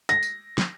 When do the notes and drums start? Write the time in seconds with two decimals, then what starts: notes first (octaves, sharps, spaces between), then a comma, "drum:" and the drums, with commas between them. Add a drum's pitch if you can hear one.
0.09 A#6, drum: hi-hat
0.23 drum: tambourine
0.58 drum: snare